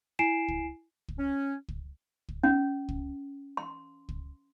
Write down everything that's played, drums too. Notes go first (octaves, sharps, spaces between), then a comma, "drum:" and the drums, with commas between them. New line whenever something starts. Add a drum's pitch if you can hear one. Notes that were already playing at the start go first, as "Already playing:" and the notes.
E4 G#5 C7 D7 E7
drum: kick
drum: kick
C#4
drum: kick
drum: kick
C#4
drum: kick
C6
drum: kick